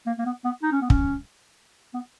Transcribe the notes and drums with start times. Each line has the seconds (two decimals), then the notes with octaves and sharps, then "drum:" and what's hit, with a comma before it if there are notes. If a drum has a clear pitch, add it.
0.06 A#3
0.19 A#3
0.26 B3
0.44 B3
0.63 D#4
0.72 C#4
0.81 B3
0.90 C#4, drum: kick
1.94 B3